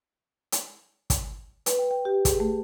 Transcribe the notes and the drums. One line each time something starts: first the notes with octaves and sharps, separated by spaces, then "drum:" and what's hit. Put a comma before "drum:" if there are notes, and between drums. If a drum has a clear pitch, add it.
drum: hi-hat
drum: kick, hi-hat
B4, drum: hi-hat
G5
G5
G4
G#4, drum: kick, hi-hat
A3